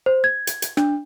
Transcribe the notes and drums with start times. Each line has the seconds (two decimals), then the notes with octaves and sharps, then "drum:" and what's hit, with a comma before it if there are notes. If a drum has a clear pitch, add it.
0.06 C5
0.24 G#6
0.47 drum: hi-hat
0.62 drum: hi-hat
0.77 D4, drum: rim click